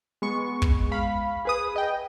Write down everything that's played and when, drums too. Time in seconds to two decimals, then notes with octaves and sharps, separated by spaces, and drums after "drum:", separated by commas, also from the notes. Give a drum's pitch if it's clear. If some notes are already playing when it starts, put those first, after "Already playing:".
0.22 G#3 B3 C#6
0.62 drum: kick
0.92 F5 B5
1.45 G#4 B4 D#6
1.76 D#5 G5